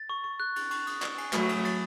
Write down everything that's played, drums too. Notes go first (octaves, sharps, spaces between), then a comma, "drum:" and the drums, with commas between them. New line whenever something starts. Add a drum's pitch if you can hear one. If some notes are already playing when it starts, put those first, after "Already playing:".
Already playing: A6
C#6
C#6
F#6
A6, drum: cymbal
C#6, drum: cymbal
D#6, drum: cymbal
A6, drum: clap
G#5, drum: cymbal
F#3 A3 B5, drum: clap
D#6, drum: cymbal
A6, drum: cymbal